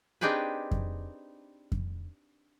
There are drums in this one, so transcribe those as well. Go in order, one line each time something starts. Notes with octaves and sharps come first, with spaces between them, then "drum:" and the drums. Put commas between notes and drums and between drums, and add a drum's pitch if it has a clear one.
C4 D4 D#4 G4 G#4 B4
drum: kick F2
drum: kick F2